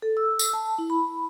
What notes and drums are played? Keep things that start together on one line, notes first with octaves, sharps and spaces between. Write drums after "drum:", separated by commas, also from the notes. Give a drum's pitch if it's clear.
A4
E6
drum: tambourine
A5
E4
B5